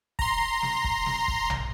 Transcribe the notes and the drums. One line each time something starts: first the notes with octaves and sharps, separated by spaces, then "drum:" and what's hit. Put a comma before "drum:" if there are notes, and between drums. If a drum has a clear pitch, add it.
A#5 C6, drum: kick
drum: snare
drum: kick
drum: snare
drum: kick
drum: tom A#1